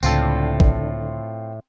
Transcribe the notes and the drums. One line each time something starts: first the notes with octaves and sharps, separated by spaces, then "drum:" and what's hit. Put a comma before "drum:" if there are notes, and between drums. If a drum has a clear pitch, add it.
C#2 A2 D3 C4 F4 A4, drum: tambourine
drum: kick